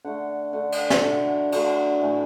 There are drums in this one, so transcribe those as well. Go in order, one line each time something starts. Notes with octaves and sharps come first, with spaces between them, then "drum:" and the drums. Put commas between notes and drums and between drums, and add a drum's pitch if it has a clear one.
D3 A3 F#5
D3 A3 F#5
drum: cymbal
drum: snare
D3 F#3 A3 F#5
D3 F#3 A3, drum: cymbal
A2 E3 A3